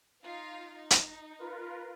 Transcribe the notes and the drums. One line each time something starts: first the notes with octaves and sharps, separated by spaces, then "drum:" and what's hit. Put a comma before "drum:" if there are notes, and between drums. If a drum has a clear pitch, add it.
D#4 F4 F5
D#4
drum: hi-hat
F4 A#4 B4